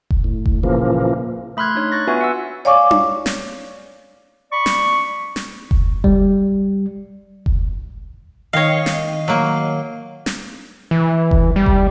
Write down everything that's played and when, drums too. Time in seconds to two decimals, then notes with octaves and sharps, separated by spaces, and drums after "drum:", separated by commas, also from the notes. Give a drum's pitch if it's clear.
0.10 drum: kick F1
0.24 A2
0.46 drum: kick F1
0.63 A#2 C#3 E3 F3 A#3
1.57 A3 B5 C6 F6 F#6 G#6
1.75 D4 D#4 C#5
1.92 C#6 F#6 A6 A#6
2.07 B3 F4 F#4 B4 E5 G#5
2.21 F#5 E6
2.65 C#5 D5 F5 G#5 C#6 D6
2.91 drum: tom D4
3.26 drum: snare
4.52 D5 B5 C#6
4.66 drum: snare
5.36 drum: snare
5.71 drum: kick F1
6.04 G3, drum: kick F1
7.46 drum: kick F1
8.53 D#3 C#5 D#5 F5 C7
8.86 drum: snare
9.28 F#3 A#3
10.26 drum: snare
10.91 E3
11.31 drum: kick F1
11.56 G3
11.66 drum: kick F1